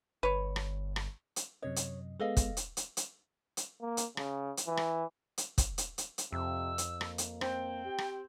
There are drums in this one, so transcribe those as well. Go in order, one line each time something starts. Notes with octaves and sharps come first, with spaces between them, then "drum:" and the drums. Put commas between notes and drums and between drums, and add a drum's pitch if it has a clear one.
G1 B4 C#5
drum: rim click
drum: rim click
drum: hi-hat
F#2 C3 C#5 D#5
drum: hi-hat
G#3 B3 A4 D#5 F5
drum: kick, hi-hat
drum: hi-hat
drum: hi-hat
drum: hi-hat
drum: hi-hat
A#3
drum: hi-hat
C#3, drum: rim click
drum: hi-hat
E3
drum: rim click
drum: hi-hat
drum: kick, hi-hat
drum: hi-hat
drum: hi-hat
drum: hi-hat
F2 C3 E6
drum: hi-hat
A#3, drum: rim click
drum: hi-hat
C4 G5, drum: rim click
G4
drum: rim click